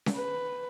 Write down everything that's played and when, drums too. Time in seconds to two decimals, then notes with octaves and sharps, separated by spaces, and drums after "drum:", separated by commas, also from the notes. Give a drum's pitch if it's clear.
0.06 drum: snare C#4
0.16 B4